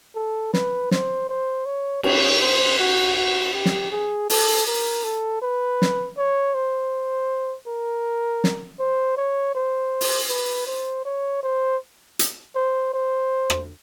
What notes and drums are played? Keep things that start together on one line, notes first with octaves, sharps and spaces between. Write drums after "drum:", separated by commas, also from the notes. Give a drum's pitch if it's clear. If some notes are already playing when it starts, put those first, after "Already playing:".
A4
B4, drum: snare
C5, drum: snare
C5
C#5
C#5, drum: cymbal
C5
F#4
F#4
G4
drum: snare
G#4
A4, drum: open hi-hat
A#4
A4
B4
drum: snare
C#5
C5
A#4
drum: snare
C5
C#5
C5
drum: open hi-hat
B4
C5
C#5
C5
drum: hi-hat
C5
C5
drum: rim click